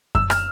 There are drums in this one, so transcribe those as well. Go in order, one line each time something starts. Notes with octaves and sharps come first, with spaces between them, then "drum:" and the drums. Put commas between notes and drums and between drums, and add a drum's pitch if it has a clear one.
E6, drum: kick F#2
F6, drum: rim click